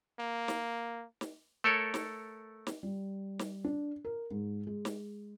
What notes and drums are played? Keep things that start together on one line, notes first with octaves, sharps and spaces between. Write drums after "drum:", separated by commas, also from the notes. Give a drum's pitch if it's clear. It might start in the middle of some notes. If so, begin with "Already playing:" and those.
A#3
drum: snare
drum: snare
A3 A4 A#4 C#5
drum: snare
drum: snare
G3
drum: snare
D4
A#4
G#2
G#3
drum: snare